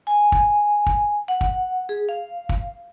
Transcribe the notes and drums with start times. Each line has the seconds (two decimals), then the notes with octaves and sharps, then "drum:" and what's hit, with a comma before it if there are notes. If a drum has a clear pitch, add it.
0.07 G#5
0.32 drum: kick
0.86 drum: kick
1.28 F#5
1.41 drum: kick
1.89 G#4
2.09 F5
2.49 drum: kick